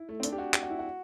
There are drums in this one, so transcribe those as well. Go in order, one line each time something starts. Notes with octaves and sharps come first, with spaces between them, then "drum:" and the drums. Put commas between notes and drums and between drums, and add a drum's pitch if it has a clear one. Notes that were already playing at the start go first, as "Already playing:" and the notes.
Already playing: E4
A3
C4
D4, drum: hi-hat
G4
F#4
G4, drum: clap
F#4
E4
F#4